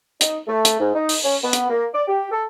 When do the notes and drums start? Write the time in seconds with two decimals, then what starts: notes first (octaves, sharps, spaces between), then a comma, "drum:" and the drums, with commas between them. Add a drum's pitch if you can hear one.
0.21 D#4, drum: hi-hat
0.47 A3
0.65 drum: hi-hat
0.79 G#2
0.94 D#4
1.09 drum: open hi-hat
1.23 C#4
1.43 B3
1.53 drum: hi-hat
1.70 A#3
1.93 D5
2.08 G4
2.31 A4